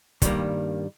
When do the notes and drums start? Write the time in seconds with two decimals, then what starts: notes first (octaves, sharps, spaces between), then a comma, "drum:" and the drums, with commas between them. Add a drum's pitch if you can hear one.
0.22 G2 D#3 G3 A#3, drum: kick, hi-hat